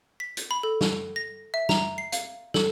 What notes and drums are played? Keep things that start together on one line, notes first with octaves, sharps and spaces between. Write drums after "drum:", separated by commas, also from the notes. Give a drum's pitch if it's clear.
B6
drum: hi-hat
B5
A4
drum: snare
A#6
E5
A#5, drum: snare
C7
F5, drum: hi-hat
A4, drum: snare